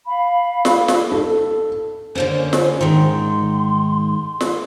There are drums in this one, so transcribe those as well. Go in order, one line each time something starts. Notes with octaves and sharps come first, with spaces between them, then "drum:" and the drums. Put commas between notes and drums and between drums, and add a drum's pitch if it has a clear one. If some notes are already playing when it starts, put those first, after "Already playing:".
F5 B5
drum: snare
drum: snare
A4
D3 A#3 C#4 C5
drum: snare
G#2 D#3 C6
drum: snare